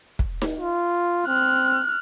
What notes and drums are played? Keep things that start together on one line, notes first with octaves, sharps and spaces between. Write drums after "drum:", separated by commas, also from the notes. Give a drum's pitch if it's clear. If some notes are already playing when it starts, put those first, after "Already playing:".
drum: kick
drum: snare D#4
F4
C4 F6 F#6